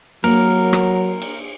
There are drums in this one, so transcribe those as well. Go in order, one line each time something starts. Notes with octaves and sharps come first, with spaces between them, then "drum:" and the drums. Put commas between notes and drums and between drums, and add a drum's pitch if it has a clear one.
F#3 A#3 A#4, drum: cymbal
drum: rim click
drum: cymbal